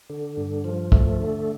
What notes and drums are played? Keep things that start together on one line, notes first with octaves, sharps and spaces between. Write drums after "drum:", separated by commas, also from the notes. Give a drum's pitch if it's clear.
D3
G2
F3
A3, drum: kick
D3